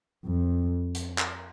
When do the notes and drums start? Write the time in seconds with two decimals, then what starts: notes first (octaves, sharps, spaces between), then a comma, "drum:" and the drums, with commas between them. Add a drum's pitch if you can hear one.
0.25 F2
0.95 drum: hi-hat
1.18 drum: clap